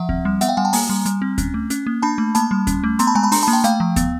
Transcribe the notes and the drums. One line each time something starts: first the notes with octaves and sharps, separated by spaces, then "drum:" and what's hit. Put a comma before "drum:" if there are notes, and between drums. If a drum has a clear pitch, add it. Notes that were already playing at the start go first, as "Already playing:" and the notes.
Already playing: F3 E5 F#5
C4, drum: kick D2
G3
B3 E5 F#5, drum: hi-hat
F5 G5
G3 F#5 G#5
G5 A5
A#3 G#5 A#5, drum: open hi-hat
G3
G3, drum: hi-hat
C4
C#4, drum: kick D2, hi-hat
A3
C#4, drum: hi-hat
A#3
D4 A5 B5
A3
A#3 A5 B5, drum: hi-hat
G3
C#4, drum: kick D2, hi-hat
A3
B3 A#5 C6, drum: hi-hat
A5 B5
G#3 G#5 A#5
A5 B5
D4 A#5 C6, drum: open hi-hat
A#3 A5 B5
G5 A5
A3 F5 G5, drum: hi-hat
F3
B3, drum: kick D2, hi-hat